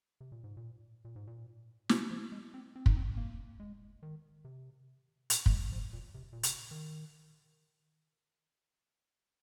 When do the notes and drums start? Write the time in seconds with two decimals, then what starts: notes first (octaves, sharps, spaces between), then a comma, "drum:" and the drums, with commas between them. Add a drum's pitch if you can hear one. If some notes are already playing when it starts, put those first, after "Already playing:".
0.21 C3
0.32 A#2
0.44 G#2
0.57 A#2
1.05 A#2
1.16 G#2
1.27 A#2
1.89 C3, drum: snare
2.11 F3
2.32 G#3
2.54 C4
2.76 C4
2.86 D#4, drum: kick
2.97 C4
3.17 A#3
3.60 G#3
4.03 D#3
4.45 C3
5.30 A#2, drum: hi-hat
5.46 A#3, drum: kick
5.51 G#3
5.72 F3
5.93 A#2
6.14 C3
6.33 A#2
6.43 C3, drum: hi-hat
6.71 D#3